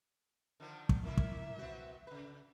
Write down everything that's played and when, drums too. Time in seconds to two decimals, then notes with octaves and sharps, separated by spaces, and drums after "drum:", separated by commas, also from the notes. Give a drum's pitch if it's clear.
0.60 D3 D#3 F3
0.89 drum: kick
1.03 A2 A#3 E4 E5
1.17 drum: kick
1.58 B3 C4 F#4
2.07 C#3 B4